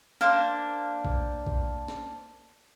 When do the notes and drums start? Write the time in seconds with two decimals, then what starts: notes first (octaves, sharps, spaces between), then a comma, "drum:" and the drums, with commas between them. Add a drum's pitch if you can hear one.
0.21 A#3 D4 C5, drum: snare
1.05 drum: kick A#1
1.47 drum: kick A#1
1.88 drum: snare